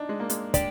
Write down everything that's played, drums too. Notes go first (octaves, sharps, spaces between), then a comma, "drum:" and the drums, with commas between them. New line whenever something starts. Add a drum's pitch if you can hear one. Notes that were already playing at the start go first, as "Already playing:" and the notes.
Already playing: D4 D#4
G#3
A#3
G#3, drum: hi-hat
D4 G4 D5, drum: kick, hi-hat